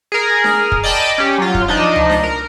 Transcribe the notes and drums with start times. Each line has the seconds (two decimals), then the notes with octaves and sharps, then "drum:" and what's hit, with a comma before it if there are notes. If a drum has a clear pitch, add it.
0.12 G#4 A#4
0.44 drum: snare D4
0.72 drum: kick
0.84 D5 D#5 G5 A5 B5
1.18 C#4 G4
1.38 F#3 F4
1.54 drum: kick
1.68 F3 D4 D#4 D#5
1.96 drum: tom C#2
2.10 drum: snare D4
2.23 A#4